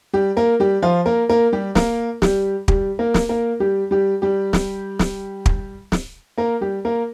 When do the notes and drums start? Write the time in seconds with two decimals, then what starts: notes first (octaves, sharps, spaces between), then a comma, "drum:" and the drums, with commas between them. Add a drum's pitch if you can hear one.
0.13 G3 G4
0.37 A#3 A#4
0.60 G3 G4
0.82 F3 F4
1.06 A#3 A#4
1.29 A#3 A#4
1.53 G3 G4
1.75 A#3 A#4, drum: snare
2.22 G3 G4, drum: snare
2.68 G3 G4, drum: kick
2.99 A#3 A#4
3.14 drum: snare
3.29 A#3 A#4
3.60 G3 G4
3.91 G3 G4
4.22 G3 G4
4.53 drum: snare
4.99 drum: snare
5.46 drum: kick
5.92 drum: snare
6.38 A#3 A#4
6.61 G3 G4
6.85 A#3 A#4